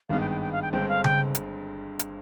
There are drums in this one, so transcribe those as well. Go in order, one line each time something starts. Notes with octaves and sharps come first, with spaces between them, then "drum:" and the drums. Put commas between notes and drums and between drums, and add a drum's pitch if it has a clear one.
G#1 G2 D#3 G#3 B3 F5
G5
G5
G5
F5
G5
G1 G2 D3 G#3 C4 G5
F5
G5, drum: tom C#3
drum: hi-hat
drum: hi-hat